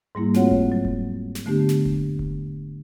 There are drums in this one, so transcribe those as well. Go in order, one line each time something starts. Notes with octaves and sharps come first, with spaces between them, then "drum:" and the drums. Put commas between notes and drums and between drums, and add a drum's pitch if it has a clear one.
G#2 G3 A#3 E4
A3 C4 F4 F#4 C#5 F#5, drum: snare
drum: kick E1
F#3
drum: kick E1
drum: snare
D3 A3 B3 D4 G4
drum: snare
drum: kick E1
drum: kick E1